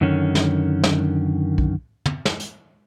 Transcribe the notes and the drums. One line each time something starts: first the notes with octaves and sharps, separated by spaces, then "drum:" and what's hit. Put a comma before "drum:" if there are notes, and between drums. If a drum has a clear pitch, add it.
F#2 D3 D#3 C#4
drum: snare
drum: snare
drum: kick B1
drum: tom
drum: snare
drum: hi-hat